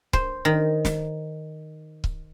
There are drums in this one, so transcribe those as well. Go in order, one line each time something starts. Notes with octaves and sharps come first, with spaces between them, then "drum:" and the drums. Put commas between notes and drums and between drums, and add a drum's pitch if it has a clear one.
C5, drum: kick C#1
D#3
drum: snare
drum: kick C#1